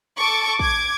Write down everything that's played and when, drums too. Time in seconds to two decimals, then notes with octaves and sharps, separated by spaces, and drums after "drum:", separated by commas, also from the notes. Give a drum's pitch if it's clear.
0.18 A4 A5 C#6 D6
0.59 D6 G#6, drum: kick